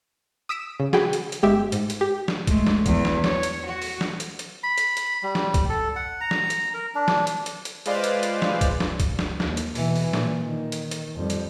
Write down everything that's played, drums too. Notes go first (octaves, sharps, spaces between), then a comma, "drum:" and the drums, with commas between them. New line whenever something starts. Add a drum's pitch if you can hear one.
D#6 E6 B6 D7 E7
C#3
F#4 G#4 G5 B5, drum: snare
drum: hi-hat
drum: hi-hat
G1 G#3 G4 E5
G#2, drum: hi-hat
drum: hi-hat
G4
drum: snare
G#3 A3, drum: kick, hi-hat
drum: snare
E2, drum: kick, hi-hat
drum: snare
C#5, drum: snare
drum: hi-hat
F#4
drum: open hi-hat
drum: snare
drum: hi-hat
drum: hi-hat
B5
drum: hi-hat
drum: hi-hat
G3
drum: snare
drum: kick, hi-hat
A4
F#5
A#5
drum: snare
drum: hi-hat
A#4
D4
drum: snare
drum: hi-hat
drum: hi-hat
drum: hi-hat
G#3 F4 B4 C5 D5 F5, drum: hi-hat
drum: hi-hat
drum: hi-hat
drum: snare
drum: kick, hi-hat
drum: snare
drum: kick, hi-hat
drum: snare
D#2, drum: snare
drum: hi-hat
B2 E3, drum: open hi-hat
drum: open hi-hat
A#2, drum: snare
D#3
drum: hi-hat
drum: hi-hat
F2 G3
drum: hi-hat